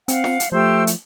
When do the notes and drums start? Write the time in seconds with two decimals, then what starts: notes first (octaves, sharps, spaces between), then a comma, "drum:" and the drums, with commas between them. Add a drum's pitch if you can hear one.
0.08 C4 F5 F#5, drum: hi-hat
0.24 drum: snare
0.40 drum: hi-hat
0.52 F3 A3 G4 C5 E6
0.87 drum: hi-hat